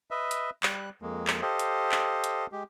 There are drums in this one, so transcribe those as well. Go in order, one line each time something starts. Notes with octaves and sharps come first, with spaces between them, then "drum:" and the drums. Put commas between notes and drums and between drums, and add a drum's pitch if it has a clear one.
B4 D#5 E5
drum: hi-hat
G3 F#6, drum: clap
F2 G#3 A#3
drum: clap
G4 A4 C5 D#5 F5
drum: hi-hat
drum: clap
drum: hi-hat
G#3 G4